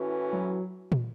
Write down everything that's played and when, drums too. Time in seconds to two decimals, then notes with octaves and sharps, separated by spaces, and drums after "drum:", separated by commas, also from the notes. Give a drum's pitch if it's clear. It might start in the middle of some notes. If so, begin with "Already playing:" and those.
Already playing: A2 E3 C#4 F#4 B4
0.33 F#3
0.92 drum: tom